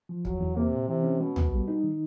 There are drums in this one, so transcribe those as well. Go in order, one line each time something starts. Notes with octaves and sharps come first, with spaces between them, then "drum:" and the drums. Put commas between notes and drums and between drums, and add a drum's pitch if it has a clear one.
F3
E2 F#3, drum: kick
E2
C3 A#3
A#2
C3 E3
C#4
B2 G#3
B3, drum: tom
G3
D#4
D#3